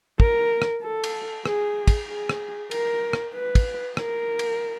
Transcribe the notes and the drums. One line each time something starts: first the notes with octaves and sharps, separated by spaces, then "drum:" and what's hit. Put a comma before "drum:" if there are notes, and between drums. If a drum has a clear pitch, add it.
A#4, drum: kick
drum: rim click
A4
drum: cymbal
G#4, drum: rim click
drum: kick, cymbal
G#4
drum: rim click
A#4, drum: cymbal
drum: rim click
B4
drum: kick, cymbal
A#4, drum: rim click
drum: cymbal